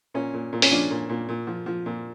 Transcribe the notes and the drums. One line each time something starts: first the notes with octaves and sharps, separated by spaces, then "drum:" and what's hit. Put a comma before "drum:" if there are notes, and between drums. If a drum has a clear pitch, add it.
A#2 C#4
A#2
A#2
C#4, drum: open hi-hat
F3 D4
A#2
A#2
A#2
F3
F3
A#2